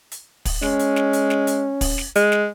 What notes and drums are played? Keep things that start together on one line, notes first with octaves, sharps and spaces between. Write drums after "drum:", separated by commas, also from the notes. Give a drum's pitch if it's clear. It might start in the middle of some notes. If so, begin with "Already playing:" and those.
drum: hi-hat
drum: kick, open hi-hat
G#3 C#4, drum: snare
drum: hi-hat
drum: snare
drum: hi-hat
drum: snare
drum: hi-hat
drum: kick, open hi-hat
drum: snare
G#3, drum: hi-hat
drum: snare